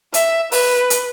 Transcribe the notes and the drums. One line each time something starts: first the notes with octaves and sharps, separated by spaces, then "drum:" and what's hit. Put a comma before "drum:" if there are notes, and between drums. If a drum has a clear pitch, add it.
E5, drum: hi-hat
B4, drum: open hi-hat
drum: hi-hat